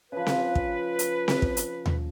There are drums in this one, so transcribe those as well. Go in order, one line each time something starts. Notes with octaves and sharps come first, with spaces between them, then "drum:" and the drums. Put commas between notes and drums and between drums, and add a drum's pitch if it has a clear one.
C#3 F3 B4
drum: snare C4
drum: kick
drum: hi-hat
drum: snare C4
drum: kick
drum: hi-hat
drum: tom D#2